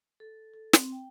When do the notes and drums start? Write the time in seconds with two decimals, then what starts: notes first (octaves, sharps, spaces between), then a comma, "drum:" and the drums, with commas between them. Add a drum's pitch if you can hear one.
0.20 A4
0.54 A4
0.73 C4, drum: snare
0.92 G5